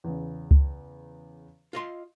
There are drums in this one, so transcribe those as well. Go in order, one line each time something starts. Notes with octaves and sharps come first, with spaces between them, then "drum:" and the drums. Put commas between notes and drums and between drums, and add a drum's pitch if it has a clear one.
E2 C#3
drum: kick C#2
F4 D#5 C6